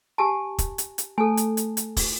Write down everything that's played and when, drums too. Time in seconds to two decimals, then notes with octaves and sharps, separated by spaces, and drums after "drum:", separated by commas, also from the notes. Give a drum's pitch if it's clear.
0.18 G4 G#5 A5
0.59 drum: kick, hi-hat
0.78 drum: hi-hat
0.98 drum: hi-hat
1.18 A3 A4 G#5
1.37 drum: hi-hat
1.57 drum: hi-hat
1.77 drum: hi-hat
1.97 drum: kick, open hi-hat